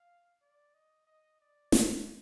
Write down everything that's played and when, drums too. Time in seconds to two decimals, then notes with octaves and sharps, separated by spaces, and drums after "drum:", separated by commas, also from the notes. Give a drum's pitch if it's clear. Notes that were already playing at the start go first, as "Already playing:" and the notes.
Already playing: F5
0.41 D5
0.74 D#5
1.07 D#5
1.41 D5
1.72 C5, drum: snare